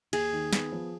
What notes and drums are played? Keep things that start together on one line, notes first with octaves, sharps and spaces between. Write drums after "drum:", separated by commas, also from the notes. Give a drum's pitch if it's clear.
D#2 G#4, drum: cymbal
D#3
B3, drum: snare
F3